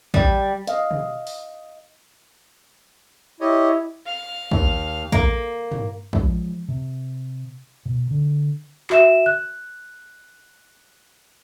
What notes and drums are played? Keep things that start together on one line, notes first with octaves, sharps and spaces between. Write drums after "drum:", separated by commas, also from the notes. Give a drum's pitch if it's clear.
G3, drum: kick
D#5 F5, drum: hi-hat
drum: tom B2
drum: open hi-hat
E4 G4 C#5 D#5
F5
D#2, drum: kick
A#3, drum: kick
drum: tom
F3 G#3, drum: kick
C3
B2
D3
F#4 E5 E7, drum: clap
F#6